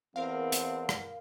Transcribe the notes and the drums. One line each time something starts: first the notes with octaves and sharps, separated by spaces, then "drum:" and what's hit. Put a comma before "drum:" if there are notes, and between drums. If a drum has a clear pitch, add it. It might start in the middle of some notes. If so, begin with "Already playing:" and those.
E2 C4 A#4 F5
drum: hi-hat
drum: rim click